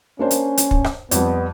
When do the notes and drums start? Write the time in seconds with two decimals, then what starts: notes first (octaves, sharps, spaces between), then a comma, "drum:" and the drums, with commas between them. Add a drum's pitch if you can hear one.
0.19 A#3 C#4 D4 C5
0.31 drum: hi-hat
0.58 drum: hi-hat
0.71 drum: kick
0.84 drum: rim click
1.11 F2 G3 B3, drum: hi-hat